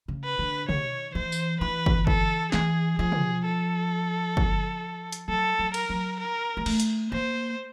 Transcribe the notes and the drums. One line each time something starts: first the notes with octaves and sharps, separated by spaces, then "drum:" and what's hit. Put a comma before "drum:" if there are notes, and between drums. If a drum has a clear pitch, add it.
C#3
B4
D3
D#3 C#5, drum: tom
E3 C5
drum: tambourine
E3 B4
drum: kick
A4, drum: kick
E3 G#4, drum: snare
F3 G#4
drum: tom
A4
drum: kick
drum: hi-hat
F#3 A4
F#3
A#4, drum: cymbal
F#3
A#4
G#3
A3, drum: cymbal
drum: hi-hat
A#3 C5